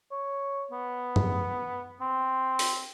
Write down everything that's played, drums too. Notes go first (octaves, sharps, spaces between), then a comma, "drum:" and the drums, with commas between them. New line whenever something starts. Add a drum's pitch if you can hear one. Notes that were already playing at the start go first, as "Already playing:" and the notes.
C#5
B3
drum: tom F#2
C4
drum: open hi-hat